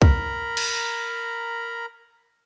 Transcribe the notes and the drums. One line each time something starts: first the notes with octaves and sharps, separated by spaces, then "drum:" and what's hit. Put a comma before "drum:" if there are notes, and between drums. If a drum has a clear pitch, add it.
A#4 A#5 B5, drum: kick
drum: cymbal